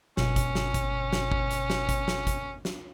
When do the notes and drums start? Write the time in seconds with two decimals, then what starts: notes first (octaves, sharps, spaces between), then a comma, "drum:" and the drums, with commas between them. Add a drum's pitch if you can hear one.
0.17 G1 B2 C#4, drum: snare
0.36 drum: kick, hi-hat
0.55 drum: snare
0.74 drum: kick, hi-hat
1.12 drum: snare
1.32 drum: kick
1.51 drum: hi-hat
1.70 drum: snare
1.89 drum: kick, hi-hat
2.08 drum: snare
2.27 drum: kick, hi-hat
2.65 drum: snare